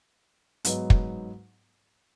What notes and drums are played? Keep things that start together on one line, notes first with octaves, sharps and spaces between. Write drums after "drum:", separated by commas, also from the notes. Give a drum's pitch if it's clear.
G#2 F#3 B3 D#4, drum: hi-hat
drum: kick